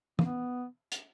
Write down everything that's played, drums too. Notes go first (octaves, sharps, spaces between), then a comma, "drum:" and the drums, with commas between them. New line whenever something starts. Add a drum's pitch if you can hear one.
A#3, drum: tom
B3
drum: hi-hat